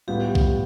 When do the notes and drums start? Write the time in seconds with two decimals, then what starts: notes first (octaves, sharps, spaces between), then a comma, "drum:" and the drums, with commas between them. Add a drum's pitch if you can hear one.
0.08 A2 G3 B3 F4 G4
0.35 drum: kick